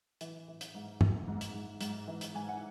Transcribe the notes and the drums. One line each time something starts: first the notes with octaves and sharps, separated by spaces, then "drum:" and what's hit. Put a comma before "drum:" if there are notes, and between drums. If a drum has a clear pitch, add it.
E3, drum: hi-hat
E3
drum: hi-hat
G#2
E3, drum: tom G2
G#2
drum: hi-hat
G#2
G#2, drum: hi-hat
E3
drum: hi-hat
G#2 G#5
F#5